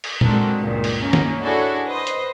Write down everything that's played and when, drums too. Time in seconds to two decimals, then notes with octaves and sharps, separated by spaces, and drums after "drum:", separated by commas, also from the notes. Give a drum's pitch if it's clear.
0.04 drum: cymbal
0.21 G#3 C4 D4 F#4 A4 A#4, drum: tom A#2
0.58 C#2 G2 A#2 D#3
0.84 drum: cymbal
0.99 A#3 C#4 D#4 A#4
1.13 drum: snare D#3
1.42 D4 E4 F#4 G#4 A4 C#5
1.86 B4 C5 D#5
2.07 drum: hi-hat